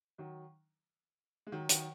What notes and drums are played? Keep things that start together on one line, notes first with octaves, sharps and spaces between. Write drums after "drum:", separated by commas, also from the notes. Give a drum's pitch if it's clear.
D#3 F#3
G#3
D#3 F#3
D#3 F#3, drum: hi-hat